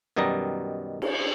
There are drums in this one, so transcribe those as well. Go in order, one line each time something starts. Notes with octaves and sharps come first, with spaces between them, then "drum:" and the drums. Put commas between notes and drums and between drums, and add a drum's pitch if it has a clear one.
F#2 B2 D#3 G3 D#5 A#5
drum: cymbal